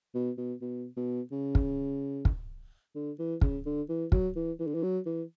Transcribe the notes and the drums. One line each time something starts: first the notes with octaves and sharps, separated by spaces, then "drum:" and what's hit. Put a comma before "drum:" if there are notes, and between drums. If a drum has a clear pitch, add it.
B2
B2
B2
B2
C#3
drum: kick
drum: kick
D3
E3
C#3, drum: kick
D3
E3
F#3, drum: kick
E3
E3
D3
E3
F#3
E3